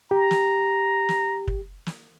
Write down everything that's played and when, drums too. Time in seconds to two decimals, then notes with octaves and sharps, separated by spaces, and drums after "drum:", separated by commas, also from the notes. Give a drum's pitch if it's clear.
0.11 G4 A#5
0.31 drum: snare
1.09 drum: snare
1.48 drum: kick
1.86 drum: snare